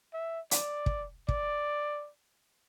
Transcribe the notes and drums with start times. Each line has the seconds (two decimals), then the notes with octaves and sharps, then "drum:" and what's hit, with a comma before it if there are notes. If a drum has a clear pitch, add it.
0.13 E5
0.51 D5, drum: hi-hat
0.86 drum: kick
1.29 D5, drum: kick